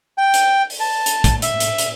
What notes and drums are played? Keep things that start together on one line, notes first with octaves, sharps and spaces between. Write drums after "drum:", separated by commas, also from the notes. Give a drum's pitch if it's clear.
G5
drum: hi-hat
drum: open hi-hat
A5
drum: hi-hat
drum: kick, hi-hat
E5, drum: hi-hat
drum: hi-hat
drum: hi-hat